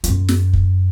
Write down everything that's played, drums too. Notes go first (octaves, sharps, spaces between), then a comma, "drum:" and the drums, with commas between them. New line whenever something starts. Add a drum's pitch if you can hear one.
F#2 F4, drum: hi-hat
drum: snare
drum: kick